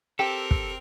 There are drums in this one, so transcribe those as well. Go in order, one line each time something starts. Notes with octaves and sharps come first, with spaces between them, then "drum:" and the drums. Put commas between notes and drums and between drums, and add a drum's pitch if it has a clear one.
C4 G4 A4 A#4
drum: kick